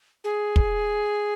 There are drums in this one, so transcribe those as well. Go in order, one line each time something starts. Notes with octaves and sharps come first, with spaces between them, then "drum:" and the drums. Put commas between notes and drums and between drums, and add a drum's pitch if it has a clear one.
G#4
drum: kick